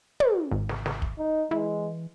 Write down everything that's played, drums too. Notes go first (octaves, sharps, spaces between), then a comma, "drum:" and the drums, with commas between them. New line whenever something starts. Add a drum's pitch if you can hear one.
drum: tom
G#1
drum: snare
drum: snare
drum: kick
D#4
E3 G#3